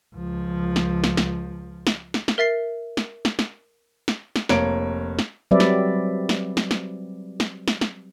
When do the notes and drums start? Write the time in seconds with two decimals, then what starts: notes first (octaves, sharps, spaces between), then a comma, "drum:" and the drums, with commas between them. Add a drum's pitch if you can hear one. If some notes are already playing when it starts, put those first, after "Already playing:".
0.15 C#2 F3
0.76 drum: snare
1.04 drum: snare
1.17 drum: snare
1.87 drum: snare
2.14 drum: snare
2.28 drum: snare
2.38 A#4 E5 A6 C7
2.97 drum: snare
3.25 drum: snare
3.39 drum: snare
4.08 drum: snare
4.36 drum: snare
4.49 F1 A#3 C#5 D7, drum: snare
5.19 drum: snare
5.51 F#3 G3 C4 B4 D5 E5
5.60 drum: snare
6.29 drum: snare
6.57 drum: snare
6.71 drum: snare
7.40 drum: snare
7.68 drum: snare
7.81 drum: snare